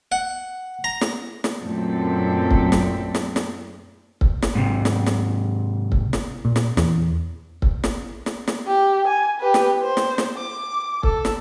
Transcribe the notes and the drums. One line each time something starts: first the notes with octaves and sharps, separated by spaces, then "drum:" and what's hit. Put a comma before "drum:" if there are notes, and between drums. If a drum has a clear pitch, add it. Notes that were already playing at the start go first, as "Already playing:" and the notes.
F#5
A#5
drum: snare
drum: snare
F#2 A#2 A3 C4 D4 A4
drum: kick C#1
drum: snare
drum: snare
drum: snare
drum: kick C#1
drum: snare
G#2 C3
drum: snare
drum: snare
drum: kick C#1
drum: snare
A#2
drum: snare
E2, drum: snare
drum: kick C#1
drum: snare
drum: snare
drum: snare
G4
G#5
G4 B4
drum: snare
C5
drum: snare
drum: snare
D6
A4, drum: kick C#1
drum: snare